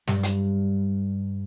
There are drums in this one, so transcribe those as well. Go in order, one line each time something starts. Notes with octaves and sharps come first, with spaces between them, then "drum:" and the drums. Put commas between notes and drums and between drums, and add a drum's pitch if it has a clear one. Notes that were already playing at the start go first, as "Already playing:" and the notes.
G2, drum: snare
drum: hi-hat